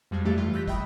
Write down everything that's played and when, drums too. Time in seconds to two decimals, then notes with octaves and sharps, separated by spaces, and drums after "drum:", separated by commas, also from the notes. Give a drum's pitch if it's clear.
0.11 F2 G3 G#3 F5
0.25 G2 E3 A3 G4 A6 B6
0.38 F4
0.54 E6 F#6 G6 A#6 B6
0.68 D#5 E5 G5 B5 C#6 D#6, drum: kick